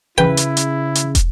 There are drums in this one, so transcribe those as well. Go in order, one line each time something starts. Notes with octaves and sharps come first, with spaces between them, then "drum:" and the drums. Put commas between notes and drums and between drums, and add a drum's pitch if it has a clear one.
C#3 E4 B4 G5
drum: hi-hat
drum: hi-hat
drum: hi-hat
drum: kick, hi-hat